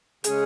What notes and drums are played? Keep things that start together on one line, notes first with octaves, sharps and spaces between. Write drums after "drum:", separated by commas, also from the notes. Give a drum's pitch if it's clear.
C#3 G#3 C#4 G#4, drum: hi-hat